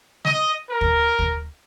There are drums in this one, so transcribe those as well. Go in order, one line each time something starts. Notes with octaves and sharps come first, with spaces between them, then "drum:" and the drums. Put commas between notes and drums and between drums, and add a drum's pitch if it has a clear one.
D#5, drum: snare
A#4
drum: kick
drum: kick